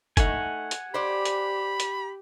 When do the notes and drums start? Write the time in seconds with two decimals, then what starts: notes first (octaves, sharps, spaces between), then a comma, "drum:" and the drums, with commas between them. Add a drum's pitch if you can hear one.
0.17 A3 D#4 F#5 G#5, drum: kick, hi-hat
0.71 drum: hi-hat
0.94 G4 C5 D5 B5
1.25 drum: hi-hat
1.80 drum: hi-hat